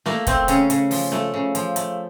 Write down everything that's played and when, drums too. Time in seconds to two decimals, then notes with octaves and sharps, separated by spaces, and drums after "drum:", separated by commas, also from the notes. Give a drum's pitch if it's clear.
0.06 A3 A#3, drum: snare
0.27 A3 C4, drum: kick, hi-hat
0.48 C#3 C#4, drum: hi-hat
0.70 C#3, drum: hi-hat
0.91 F3, drum: open hi-hat
1.12 A3, drum: snare
1.34 C#3
1.55 F3, drum: hi-hat
1.76 A3, drum: hi-hat